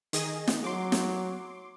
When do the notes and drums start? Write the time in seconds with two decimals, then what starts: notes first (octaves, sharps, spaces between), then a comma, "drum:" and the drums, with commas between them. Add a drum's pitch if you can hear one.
0.13 D#3 G#4 D#5, drum: hi-hat
0.48 drum: snare
0.64 F#3 C6 D6
0.92 drum: snare